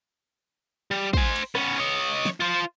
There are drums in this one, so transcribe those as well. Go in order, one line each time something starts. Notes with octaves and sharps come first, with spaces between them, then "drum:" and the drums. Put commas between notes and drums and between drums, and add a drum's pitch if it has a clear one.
G3
C5 G#5, drum: kick
drum: cymbal
B3 C#4, drum: rim click
C#5 D#5
drum: snare
F4 C5